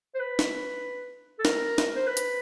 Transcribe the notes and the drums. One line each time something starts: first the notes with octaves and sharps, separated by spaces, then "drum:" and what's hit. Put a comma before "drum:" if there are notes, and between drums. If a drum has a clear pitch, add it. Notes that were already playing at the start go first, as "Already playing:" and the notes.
C5
B4
drum: snare
A4
A#4, drum: snare
drum: snare
C5
B4
drum: hi-hat